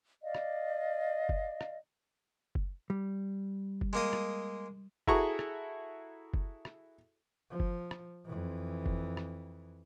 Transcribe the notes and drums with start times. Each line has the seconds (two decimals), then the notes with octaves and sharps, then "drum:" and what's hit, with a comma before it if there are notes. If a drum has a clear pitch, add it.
0.22 D5 D#5 F5
0.35 drum: rim click
1.29 drum: kick F#1
1.61 drum: rim click
2.55 drum: kick F#1
2.90 G3
3.81 drum: kick F#1
3.93 G#3 A#3 D#5
4.13 drum: rim click
5.07 E4 F#4 G#4 A4 A#5 C#6, drum: kick F#1
5.39 drum: rim click
6.34 drum: kick F#1
6.65 drum: rim click
7.50 F3
7.60 drum: kick F#1
7.91 drum: rim click
8.25 F2 E3
8.86 drum: kick F#1
9.17 drum: rim click